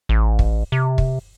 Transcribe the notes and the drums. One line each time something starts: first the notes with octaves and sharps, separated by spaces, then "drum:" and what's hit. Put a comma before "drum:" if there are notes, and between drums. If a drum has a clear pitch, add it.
A1
drum: kick
C3
drum: kick